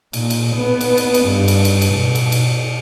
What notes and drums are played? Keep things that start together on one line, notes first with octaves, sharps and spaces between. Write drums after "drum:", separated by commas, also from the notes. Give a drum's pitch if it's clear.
A#2, drum: cymbal
drum: cymbal
B3
drum: cymbal
drum: cymbal
drum: cymbal
G2
drum: cymbal
drum: cymbal
drum: cymbal
B2
drum: cymbal
drum: cymbal